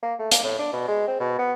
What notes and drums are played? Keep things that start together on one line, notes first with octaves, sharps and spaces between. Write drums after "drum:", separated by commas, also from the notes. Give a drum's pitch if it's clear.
A#3
A3
A#3, drum: hi-hat
A2
D4
B2
G#3
C4
B2
B3